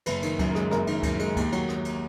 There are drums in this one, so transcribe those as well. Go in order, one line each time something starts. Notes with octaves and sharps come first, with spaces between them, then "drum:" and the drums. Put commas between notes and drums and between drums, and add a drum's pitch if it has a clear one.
F#1 B4, drum: cymbal
D#3, drum: cymbal
F#2, drum: kick C#2, cymbal
A#4
G#3, drum: rim click
F#1 A#4, drum: rim click
D#3, drum: cymbal
F#2, drum: kick C#2, cymbal
G#3, drum: cymbal
D#2, drum: kick C#2, cymbal
F#3, drum: cymbal
drum: rim click
drum: cymbal